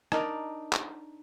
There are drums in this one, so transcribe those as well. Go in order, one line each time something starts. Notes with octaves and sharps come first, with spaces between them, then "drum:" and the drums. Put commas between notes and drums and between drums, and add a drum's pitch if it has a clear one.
D4 D#4 A#4 D5, drum: rim click
drum: clap